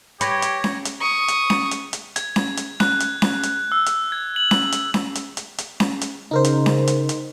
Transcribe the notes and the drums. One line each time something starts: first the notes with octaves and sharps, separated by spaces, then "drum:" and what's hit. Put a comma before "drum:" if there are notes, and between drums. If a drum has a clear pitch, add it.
G4 B4 C#5 G#6 A#6 C#7, drum: hi-hat
drum: hi-hat
drum: snare C#4
drum: hi-hat
C#6 D#6
drum: hi-hat
drum: snare C#4
drum: hi-hat
drum: hi-hat
G#6, drum: hi-hat
drum: snare C#4
drum: hi-hat
F#6, drum: snare C#4
drum: hi-hat
drum: snare C#4
drum: hi-hat
E6
drum: hi-hat
G#6
F#7
drum: snare C#4
drum: hi-hat
drum: snare C#4
drum: hi-hat
drum: hi-hat
drum: hi-hat
drum: snare C#4
drum: hi-hat
C#3 D#4 A#4 C5
drum: hi-hat
drum: snare C#4
drum: hi-hat
drum: hi-hat